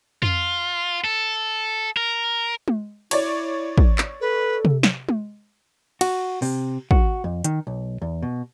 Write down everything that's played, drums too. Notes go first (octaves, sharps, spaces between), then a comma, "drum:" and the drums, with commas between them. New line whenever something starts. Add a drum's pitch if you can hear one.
F4, drum: tom F2
A4
A#4
drum: tom G#3
E4 C#5 D5, drum: cymbal
drum: kick
drum: clap
A4 B4
drum: tom C3
drum: snare
drum: tom G#3
F#4, drum: cymbal
C3, drum: open hi-hat
F#4, drum: kick
F2
D#3, drum: hi-hat
B1
E2
B2